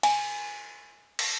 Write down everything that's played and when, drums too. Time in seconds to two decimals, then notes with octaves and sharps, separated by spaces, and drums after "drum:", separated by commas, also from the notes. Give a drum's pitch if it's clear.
0.03 G#5, drum: cymbal
1.19 drum: cymbal